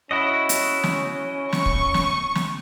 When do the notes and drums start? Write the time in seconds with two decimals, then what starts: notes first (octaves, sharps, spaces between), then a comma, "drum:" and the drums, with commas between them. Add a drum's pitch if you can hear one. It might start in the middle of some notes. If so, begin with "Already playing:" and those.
0.11 C#4 E4 F#4 D#5
0.49 drum: hi-hat
0.84 drum: snare
1.53 C#6, drum: snare
1.66 drum: kick
1.94 drum: snare
2.35 drum: snare